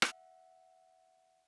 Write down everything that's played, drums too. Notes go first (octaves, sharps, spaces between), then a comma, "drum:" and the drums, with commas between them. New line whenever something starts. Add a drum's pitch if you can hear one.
E5 F#5, drum: rim click